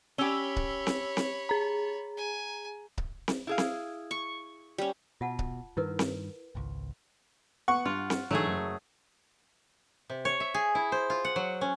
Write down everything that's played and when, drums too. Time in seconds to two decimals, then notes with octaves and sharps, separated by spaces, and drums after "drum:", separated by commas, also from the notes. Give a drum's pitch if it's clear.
0.18 C#4 G4 C#5 B5 E6 G7
0.56 drum: kick C#1
0.87 drum: snare C4
1.17 drum: snare C4
1.49 G#4 A#5
2.17 G#5
2.98 drum: kick C#1
3.28 drum: snare C4
3.47 E4 G#4 F5
3.58 drum: snare C4
4.11 C#6
4.78 G3 C#4
5.21 B2 F4 F#5 A5
5.39 drum: kick C#1
5.77 G2 D#3 E4 A#4 B4
5.99 drum: snare C4
6.55 G#1 C#2
7.68 B3 F#5 C#6
7.85 G2 F4
8.10 drum: snare C4
8.31 G#2 D3 E3 F#3 A3 G#4
8.47 F#1
10.10 C3
10.25 C#5
10.40 E5
10.54 G#4
10.75 E4
10.92 C5
11.10 F4
11.25 F#5
11.36 F#3
11.61 C#4